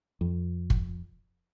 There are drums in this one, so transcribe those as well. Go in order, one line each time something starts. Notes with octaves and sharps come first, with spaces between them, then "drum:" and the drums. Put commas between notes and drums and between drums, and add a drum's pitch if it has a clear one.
F2
drum: kick